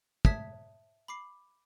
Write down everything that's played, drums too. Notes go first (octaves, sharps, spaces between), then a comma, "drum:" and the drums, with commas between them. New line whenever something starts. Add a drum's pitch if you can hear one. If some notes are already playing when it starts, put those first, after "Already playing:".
E5 A5 D#6 G#6 B6, drum: kick
B5 D6 C7